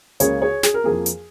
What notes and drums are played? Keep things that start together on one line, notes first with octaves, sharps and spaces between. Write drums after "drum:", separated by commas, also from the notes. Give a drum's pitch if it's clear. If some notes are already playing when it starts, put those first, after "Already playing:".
C#2 C#3 A#3 G#4 C#5, drum: hi-hat
G#4 C#5
G#4, drum: snare
A#4
F2 F3 A#3 G#4
drum: hi-hat